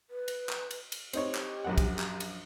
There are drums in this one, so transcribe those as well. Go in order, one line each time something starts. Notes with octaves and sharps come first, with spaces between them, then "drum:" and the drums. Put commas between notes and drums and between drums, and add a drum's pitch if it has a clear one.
B4
drum: cymbal
drum: clap
drum: cymbal
drum: cymbal
C4 D#4 G4 C#5, drum: cymbal
drum: clap
A#1 F#2 F#5
drum: kick, cymbal
drum: clap
drum: cymbal